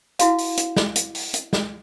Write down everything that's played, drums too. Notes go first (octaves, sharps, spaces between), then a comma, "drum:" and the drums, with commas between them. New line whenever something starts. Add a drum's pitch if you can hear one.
E4 F#4 F5, drum: hi-hat
drum: open hi-hat
drum: hi-hat
drum: snare
drum: hi-hat
drum: open hi-hat
drum: hi-hat
drum: snare